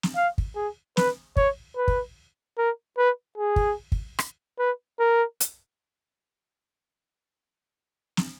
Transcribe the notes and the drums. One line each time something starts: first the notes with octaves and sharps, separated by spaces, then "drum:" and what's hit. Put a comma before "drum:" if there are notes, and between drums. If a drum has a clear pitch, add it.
drum: snare
F5
drum: kick
G#4
B4, drum: snare
C#5, drum: kick
B4
drum: kick
A#4
B4
G#4
drum: kick
drum: kick
drum: rim click
B4
A#4
drum: hi-hat
drum: snare